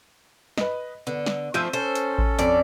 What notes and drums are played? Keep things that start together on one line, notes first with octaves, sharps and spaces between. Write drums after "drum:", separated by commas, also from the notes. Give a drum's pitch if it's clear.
B4 D#5, drum: snare
D3 B3
drum: snare
F3 A3 C4 E6 G6 D#7
C#4 A4 C5
drum: hi-hat
drum: kick A1
F2 D5, drum: hi-hat